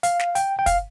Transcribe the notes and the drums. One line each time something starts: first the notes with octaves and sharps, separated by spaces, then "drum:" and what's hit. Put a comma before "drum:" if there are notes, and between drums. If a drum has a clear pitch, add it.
F5, drum: hi-hat
drum: snare
G5, drum: hi-hat
G5
F5, drum: kick, hi-hat